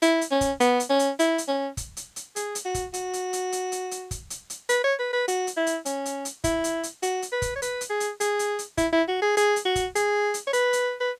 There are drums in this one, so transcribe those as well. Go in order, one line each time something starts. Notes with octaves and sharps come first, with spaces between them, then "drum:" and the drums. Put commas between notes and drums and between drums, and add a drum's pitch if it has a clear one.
E4, drum: hi-hat
drum: hi-hat
C#4
drum: kick, hi-hat
B3, drum: hi-hat
drum: hi-hat
C#4
drum: hi-hat
E4, drum: hi-hat
drum: hi-hat
C#4
drum: kick, hi-hat
drum: hi-hat
drum: hi-hat
G#4, drum: hi-hat
drum: hi-hat
F#4
drum: kick, hi-hat
F#4, drum: hi-hat
drum: hi-hat
drum: hi-hat
drum: hi-hat
drum: hi-hat
drum: hi-hat
drum: kick, hi-hat
drum: hi-hat
drum: hi-hat
B4, drum: hi-hat
C#5
B4
B4
F#4, drum: hi-hat
drum: hi-hat
E4
drum: hi-hat
C#4, drum: hi-hat
drum: hi-hat
drum: hi-hat
E4, drum: kick, hi-hat
drum: hi-hat
drum: hi-hat
F#4, drum: hi-hat
drum: hi-hat
B4
drum: kick, hi-hat
C#5
B4, drum: hi-hat
drum: hi-hat
G#4
drum: hi-hat
G#4, drum: hi-hat
drum: hi-hat
drum: hi-hat
E4, drum: kick, hi-hat
E4
F#4
G#4
G#4, drum: hi-hat
drum: hi-hat
F#4
drum: kick, hi-hat
G#4, drum: hi-hat
drum: hi-hat
C#5
B4, drum: hi-hat
drum: hi-hat
B4